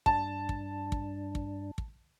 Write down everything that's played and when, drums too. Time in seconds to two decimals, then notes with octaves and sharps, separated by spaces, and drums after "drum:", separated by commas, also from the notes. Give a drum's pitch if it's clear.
0.06 G2 D4 A5, drum: kick
0.49 drum: kick
0.92 drum: kick
1.35 drum: kick
1.78 drum: kick